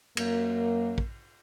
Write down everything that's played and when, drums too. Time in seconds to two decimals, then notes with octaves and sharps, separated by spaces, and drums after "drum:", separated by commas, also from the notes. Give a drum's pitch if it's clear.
0.17 F#2 A#3, drum: cymbal
0.98 drum: kick